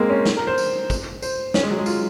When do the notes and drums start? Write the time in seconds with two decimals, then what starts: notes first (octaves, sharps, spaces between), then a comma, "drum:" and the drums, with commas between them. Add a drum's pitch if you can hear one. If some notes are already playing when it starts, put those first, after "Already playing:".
Already playing: G#3 A#3 C4
0.10 C#4
0.26 drum: snare
0.37 A#4
0.47 C5
0.58 drum: tambourine
0.90 drum: kick, tambourine
1.22 C5, drum: tambourine
1.54 C#4, drum: snare
1.63 G#3
1.71 F#3
1.78 G#3
1.86 F4, drum: tambourine